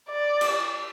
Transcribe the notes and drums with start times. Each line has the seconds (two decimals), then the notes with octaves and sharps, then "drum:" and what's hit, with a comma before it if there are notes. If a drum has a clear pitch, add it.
0.11 D5
0.41 drum: cymbal